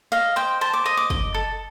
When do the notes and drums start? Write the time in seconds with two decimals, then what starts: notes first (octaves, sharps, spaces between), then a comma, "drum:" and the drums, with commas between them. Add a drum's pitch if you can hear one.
0.12 D#5 F5
0.36 C5 G5
0.61 C5 A5
0.73 D6
0.85 D#5 D#6
0.97 D6
1.10 D#5, drum: kick
1.34 A4